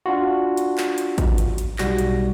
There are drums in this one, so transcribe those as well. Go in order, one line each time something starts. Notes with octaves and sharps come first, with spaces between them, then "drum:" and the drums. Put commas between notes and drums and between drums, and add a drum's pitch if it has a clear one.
D4 F4 F#4
drum: hi-hat
drum: clap
drum: hi-hat
drum: kick, hi-hat
drum: hi-hat
drum: hi-hat
B1 G3 F#4 A#6, drum: clap
drum: hi-hat